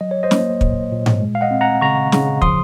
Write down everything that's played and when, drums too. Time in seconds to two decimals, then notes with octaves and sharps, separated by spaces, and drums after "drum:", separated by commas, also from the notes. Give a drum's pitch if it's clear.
0.01 F#3 D#5
0.11 C#5
0.23 C5 D#5
0.31 A#3, drum: snare
0.61 A#2, drum: kick
0.92 A#2
1.06 drum: tom G#2
1.21 G#3
1.35 F5
1.41 D#5 F#5
1.51 C4
1.61 F#5 A#5
1.81 C#3 A#5 C#6
2.12 C#3, drum: snare
2.42 F3 C6 D#6, drum: kick